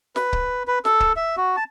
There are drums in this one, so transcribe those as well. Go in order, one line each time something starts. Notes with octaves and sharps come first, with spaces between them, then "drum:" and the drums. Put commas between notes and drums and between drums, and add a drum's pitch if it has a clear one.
B4, drum: snare
drum: kick C#1
B4
A4, drum: snare
drum: kick C#1
E5
F#4
A5